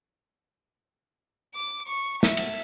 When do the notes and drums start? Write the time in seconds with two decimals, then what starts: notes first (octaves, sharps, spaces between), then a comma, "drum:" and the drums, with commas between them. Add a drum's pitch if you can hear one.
1.54 D6
1.87 C#6
2.23 E5, drum: snare
2.37 drum: cymbal